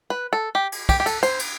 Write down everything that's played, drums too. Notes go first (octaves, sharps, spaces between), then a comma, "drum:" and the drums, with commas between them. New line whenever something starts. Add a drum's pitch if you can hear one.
B4
A4
G4
drum: cymbal
G4, drum: kick, cymbal
G4
A4, drum: cymbal
C5, drum: cymbal
drum: cymbal